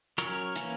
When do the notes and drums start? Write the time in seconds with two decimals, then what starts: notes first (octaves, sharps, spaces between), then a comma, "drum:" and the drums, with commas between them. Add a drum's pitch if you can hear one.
0.18 F#3 C#4 A#4 C#5, drum: hi-hat
0.56 E3 A#3 C#4, drum: hi-hat